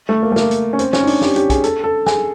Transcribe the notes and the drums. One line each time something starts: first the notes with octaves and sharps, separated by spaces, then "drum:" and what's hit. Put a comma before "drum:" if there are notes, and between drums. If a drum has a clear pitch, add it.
A3
A#3
A3
A#3, drum: snare
drum: hi-hat
C#4
C4, drum: hi-hat
C#4, drum: snare
D#4
D4, drum: open hi-hat
G4, drum: snare
G4, drum: hi-hat
G#4, drum: kick, hi-hat
A4, drum: hi-hat
A4
G#4, drum: snare